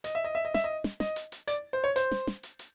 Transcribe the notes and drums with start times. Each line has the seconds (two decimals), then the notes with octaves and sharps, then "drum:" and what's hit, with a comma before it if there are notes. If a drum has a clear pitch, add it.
0.04 D#5, drum: hi-hat
0.15 E5
0.24 D#5
0.35 E5
0.45 D#5
0.54 E5, drum: snare
0.64 D#5
0.84 drum: snare
1.00 D#5, drum: snare
1.16 drum: hi-hat
1.32 drum: hi-hat
1.47 D5, drum: hi-hat
1.73 C5
1.84 C#5
1.96 C5, drum: hi-hat
2.11 drum: snare
2.27 drum: snare
2.43 drum: hi-hat
2.59 drum: hi-hat